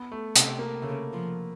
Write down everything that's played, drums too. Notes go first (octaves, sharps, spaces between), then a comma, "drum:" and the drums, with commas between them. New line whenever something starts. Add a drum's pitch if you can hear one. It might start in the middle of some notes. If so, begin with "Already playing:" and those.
Already playing: B3
A3
C3 A3, drum: hi-hat
A#3
C#3 A3
F3